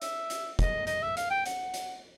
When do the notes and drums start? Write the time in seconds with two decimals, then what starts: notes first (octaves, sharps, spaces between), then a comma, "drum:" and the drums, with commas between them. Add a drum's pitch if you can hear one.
0.02 E5, drum: hi-hat
0.30 drum: hi-hat
0.59 D#5, drum: kick, hi-hat
0.87 D#5, drum: hi-hat
1.02 E5
1.17 F5, drum: hi-hat
1.30 G5
1.46 F#5, drum: hi-hat
1.74 drum: hi-hat